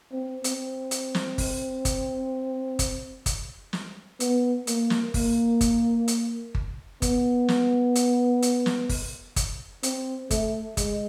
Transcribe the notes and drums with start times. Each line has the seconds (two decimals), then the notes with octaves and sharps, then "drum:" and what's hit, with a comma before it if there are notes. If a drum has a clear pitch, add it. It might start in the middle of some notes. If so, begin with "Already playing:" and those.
0.13 C4
0.44 C4, drum: hi-hat
0.91 drum: hi-hat
1.15 drum: snare
1.38 drum: kick G1, open hi-hat
1.85 drum: kick G1, hi-hat
2.79 drum: kick G1, hi-hat
3.26 drum: kick G1, hi-hat
3.73 drum: snare
4.20 B3, drum: hi-hat
4.67 A#3, drum: hi-hat
4.90 drum: snare
5.14 A#3, drum: kick G1, open hi-hat
5.61 drum: kick G1, hi-hat
6.08 drum: hi-hat
6.55 drum: kick G1
7.02 B3, drum: kick G1, hi-hat
7.48 drum: snare
7.95 drum: hi-hat
8.42 drum: hi-hat
8.66 drum: snare
8.89 drum: kick G1, open hi-hat
9.36 drum: kick G1, hi-hat
9.83 C4, drum: hi-hat
10.31 A3, drum: kick G1, hi-hat
10.77 G#3, drum: kick G1, hi-hat